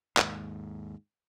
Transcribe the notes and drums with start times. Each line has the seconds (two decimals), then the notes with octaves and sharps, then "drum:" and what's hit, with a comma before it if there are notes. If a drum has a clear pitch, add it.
0.17 D#2 G#2, drum: clap